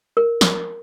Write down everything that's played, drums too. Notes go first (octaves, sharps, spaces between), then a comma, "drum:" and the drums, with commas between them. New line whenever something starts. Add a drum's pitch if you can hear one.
A#4
drum: snare